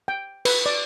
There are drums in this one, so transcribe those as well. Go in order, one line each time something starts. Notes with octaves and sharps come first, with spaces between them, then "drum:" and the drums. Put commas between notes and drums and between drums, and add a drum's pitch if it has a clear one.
G5
B4, drum: cymbal
D5